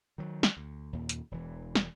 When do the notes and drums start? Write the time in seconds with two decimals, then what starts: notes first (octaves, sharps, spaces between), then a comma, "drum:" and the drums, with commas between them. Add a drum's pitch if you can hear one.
0.18 D#3 F#3
0.43 drum: snare
0.57 D2
0.93 D#2 A#2
1.09 drum: hi-hat
1.31 E1 E3
1.75 drum: snare